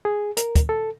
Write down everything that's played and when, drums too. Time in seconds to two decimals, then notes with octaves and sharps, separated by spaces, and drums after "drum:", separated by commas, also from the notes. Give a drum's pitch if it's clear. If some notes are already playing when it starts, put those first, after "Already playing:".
0.05 G#4
0.37 A#4, drum: hi-hat
0.55 drum: kick, hi-hat
0.69 A4